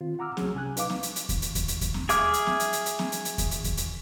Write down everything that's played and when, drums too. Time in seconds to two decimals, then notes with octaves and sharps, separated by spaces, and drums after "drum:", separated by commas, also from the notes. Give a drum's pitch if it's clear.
0.01 D#3 C4 F4
0.19 F#5 A#5 D6 E6 F6
0.37 C2 F#3 C#4 G#4, drum: snare C4
0.55 C3 G#5 F#6
0.77 D#4 B4 F5 D6, drum: hi-hat
0.90 drum: snare C4
1.03 drum: hi-hat
1.16 drum: hi-hat
1.29 drum: kick D#2, hi-hat
1.42 drum: hi-hat
1.55 drum: kick D#2, hi-hat
1.68 drum: hi-hat
1.81 drum: kick D#2, hi-hat
1.94 drum: snare C4
2.09 G#4 E5 D6 F6, drum: hi-hat
2.33 drum: hi-hat
2.47 drum: snare C4
2.60 drum: hi-hat
2.73 drum: hi-hat
2.86 drum: hi-hat
2.99 drum: snare C4
3.12 drum: hi-hat
3.25 drum: hi-hat
3.38 drum: kick D#2, hi-hat
3.51 drum: hi-hat
3.64 drum: kick D#2, hi-hat
3.77 drum: hi-hat